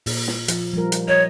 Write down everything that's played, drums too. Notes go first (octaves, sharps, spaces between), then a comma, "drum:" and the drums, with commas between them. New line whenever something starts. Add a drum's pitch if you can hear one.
A#2, drum: open hi-hat
drum: snare
F3, drum: hi-hat
F3 G3 A#4
drum: hi-hat
C#5 D#5